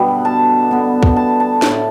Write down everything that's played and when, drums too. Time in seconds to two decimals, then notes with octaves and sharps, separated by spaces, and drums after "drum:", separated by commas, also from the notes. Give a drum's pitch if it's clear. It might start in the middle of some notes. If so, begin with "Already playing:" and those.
Already playing: G2 B2 D3 G3 B3 B5
0.25 A5
0.71 D3 B3
1.03 drum: kick
1.16 A5
1.40 A5
1.62 A2 A3, drum: snare